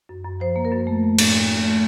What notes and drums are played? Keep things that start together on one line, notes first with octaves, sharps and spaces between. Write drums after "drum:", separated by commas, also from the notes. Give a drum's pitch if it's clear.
F#2
F#2
F3 C5
A#3
A#4
F#2
A3
A3
A2, drum: cymbal
A2
A3
A3